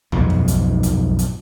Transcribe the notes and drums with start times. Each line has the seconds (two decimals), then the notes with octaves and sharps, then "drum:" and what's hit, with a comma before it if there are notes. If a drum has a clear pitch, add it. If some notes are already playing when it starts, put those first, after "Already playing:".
0.12 B1 F2 G#2 B2, drum: tom D#2
0.30 drum: kick
0.48 drum: hi-hat
0.83 drum: kick, hi-hat
1.19 drum: hi-hat